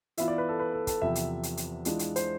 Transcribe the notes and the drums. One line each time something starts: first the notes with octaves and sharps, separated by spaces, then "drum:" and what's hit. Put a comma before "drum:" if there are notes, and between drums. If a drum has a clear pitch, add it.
E3 B3 F4 E5, drum: hi-hat
D5
B4
A4
B4
A4
A4, drum: kick, hi-hat
E2 C3 F3 B3 E5
drum: hi-hat
drum: hi-hat
drum: hi-hat
E3 G#3 D4 F4, drum: hi-hat
drum: hi-hat
C5, drum: hi-hat